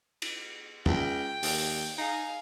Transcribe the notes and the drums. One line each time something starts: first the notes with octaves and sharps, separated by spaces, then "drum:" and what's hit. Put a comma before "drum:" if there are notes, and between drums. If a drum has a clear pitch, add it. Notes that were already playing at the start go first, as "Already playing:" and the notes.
drum: cymbal
C#2 G5, drum: tom
D#2, drum: open hi-hat
D#4 G#4 F5